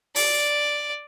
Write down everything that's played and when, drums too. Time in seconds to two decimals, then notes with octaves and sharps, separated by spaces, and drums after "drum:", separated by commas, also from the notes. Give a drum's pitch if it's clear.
0.16 D5, drum: open hi-hat